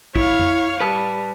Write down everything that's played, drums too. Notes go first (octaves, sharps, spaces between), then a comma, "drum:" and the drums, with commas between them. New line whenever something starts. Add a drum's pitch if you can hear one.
E4 C#5 F5, drum: kick
drum: tom F2
G3 B4 A5